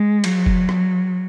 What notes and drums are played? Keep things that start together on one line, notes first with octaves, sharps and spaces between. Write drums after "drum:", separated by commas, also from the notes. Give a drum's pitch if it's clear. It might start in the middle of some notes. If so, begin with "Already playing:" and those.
Already playing: G#3
F#3, drum: cymbal
drum: kick F#1
drum: rim click